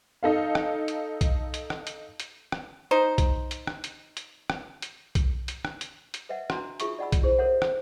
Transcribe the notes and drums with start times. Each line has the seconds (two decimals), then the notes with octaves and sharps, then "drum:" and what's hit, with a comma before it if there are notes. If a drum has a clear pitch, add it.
0.23 D#4 A4 F5
0.55 drum: rim click
0.88 drum: hi-hat
1.21 drum: kick B1, hi-hat
1.54 drum: hi-hat
1.70 drum: rim click
1.87 drum: hi-hat
2.20 drum: hi-hat
2.52 drum: rim click
2.91 D#4 C5
3.18 drum: kick B1, hi-hat
3.51 drum: hi-hat
3.67 drum: rim click
3.84 drum: hi-hat
4.17 drum: hi-hat
4.50 drum: rim click
4.82 drum: hi-hat
5.15 drum: kick B1, hi-hat
5.48 drum: hi-hat
5.65 drum: rim click
5.81 drum: hi-hat
6.14 drum: hi-hat
6.29 B4 D#5 E5 F#5
6.50 D4 F#4 G#5 A#5 C6, drum: rim click
6.80 D#4 F4 G#4 E5 C#6 D#6, drum: hi-hat
6.99 D5 D#5 F#5 G#5 B5 E6
7.12 drum: kick B1, hi-hat
7.23 E4 G#4 C5
7.38 A4 A#4 C5 C#5 E5 F#5
7.62 drum: rim click